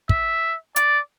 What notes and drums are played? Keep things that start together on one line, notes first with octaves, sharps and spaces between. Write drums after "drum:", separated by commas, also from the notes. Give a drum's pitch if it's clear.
E5, drum: kick
D5, drum: hi-hat